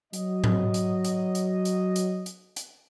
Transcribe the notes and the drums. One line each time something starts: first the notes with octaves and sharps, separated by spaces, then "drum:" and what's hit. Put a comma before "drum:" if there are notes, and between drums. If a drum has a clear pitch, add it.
F#3 D#5, drum: hi-hat
drum: tom G#2
drum: hi-hat
drum: hi-hat
drum: hi-hat
drum: hi-hat
drum: hi-hat
drum: hi-hat
drum: hi-hat